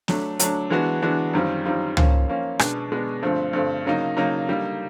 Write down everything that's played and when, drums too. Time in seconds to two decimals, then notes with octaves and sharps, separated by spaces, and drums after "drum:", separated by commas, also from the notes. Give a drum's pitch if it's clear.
0.08 F#3 A3 D4, drum: snare
0.39 F#3 A3 D4, drum: hi-hat
0.70 E3 G#3 B3 D4 F#4
1.02 E3 G#3 B3 D4 F#4
1.33 F#2 D#3 G3 C4 F4
1.65 F#2 D#3 G3 C4 F4
1.97 F3 A#3 C#4, drum: tom
2.28 F3 A#3 C#4
2.59 B2 G#3 B3 D4, drum: rim click
2.92 B2 G#3 B3 D4
3.23 G2 D3 F3 A3 C4
3.53 G2 D3 F3 A3 C4
3.85 C#3 F#3 A#3 D#4
4.17 C#3 F#3 A#3 D#4
4.48 D3 G3 A#3 D#4